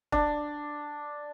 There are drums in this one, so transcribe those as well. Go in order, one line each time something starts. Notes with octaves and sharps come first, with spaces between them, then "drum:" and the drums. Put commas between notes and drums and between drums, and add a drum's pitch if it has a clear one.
D4, drum: kick